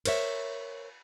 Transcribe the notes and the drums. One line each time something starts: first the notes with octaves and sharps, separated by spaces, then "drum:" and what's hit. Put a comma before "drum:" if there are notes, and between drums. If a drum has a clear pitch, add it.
A#4 C5 C#5 E5, drum: cymbal